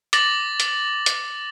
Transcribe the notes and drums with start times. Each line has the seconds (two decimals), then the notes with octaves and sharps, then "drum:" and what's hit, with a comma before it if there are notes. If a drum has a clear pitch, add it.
0.13 D6 A6 A#6 F#7, drum: hi-hat
0.60 drum: hi-hat
1.06 drum: hi-hat